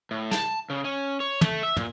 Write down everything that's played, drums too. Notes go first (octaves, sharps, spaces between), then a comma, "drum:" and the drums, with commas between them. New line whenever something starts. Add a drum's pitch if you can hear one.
A2
A5, drum: snare
C#3
C#4
C#5
A3, drum: tom
E5
A#2, drum: tom